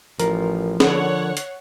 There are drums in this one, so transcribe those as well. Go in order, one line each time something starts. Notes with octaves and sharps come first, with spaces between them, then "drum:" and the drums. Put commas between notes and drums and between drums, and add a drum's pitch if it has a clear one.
A1 F3 A#4, drum: hi-hat
D3 C#5 F#5, drum: snare
drum: hi-hat